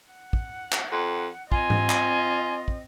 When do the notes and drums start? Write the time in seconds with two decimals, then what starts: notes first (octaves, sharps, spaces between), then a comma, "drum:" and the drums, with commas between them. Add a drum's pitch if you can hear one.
0.12 F#5
0.33 drum: kick
0.72 drum: clap
0.92 F2
1.52 C4 F4 D#5 G#5, drum: kick
1.70 drum: tom G#2
1.90 drum: clap
2.68 drum: kick